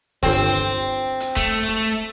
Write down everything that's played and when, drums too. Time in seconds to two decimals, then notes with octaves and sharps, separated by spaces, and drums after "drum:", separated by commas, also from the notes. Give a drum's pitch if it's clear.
0.23 G1 C4 A4 G#5, drum: kick
1.20 drum: hi-hat
1.36 A3, drum: kick